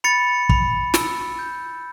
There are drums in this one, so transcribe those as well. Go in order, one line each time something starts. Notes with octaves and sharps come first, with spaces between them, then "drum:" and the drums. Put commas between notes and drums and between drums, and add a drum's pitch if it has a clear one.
B5 A6 C#7
B5, drum: kick
E6, drum: snare
G6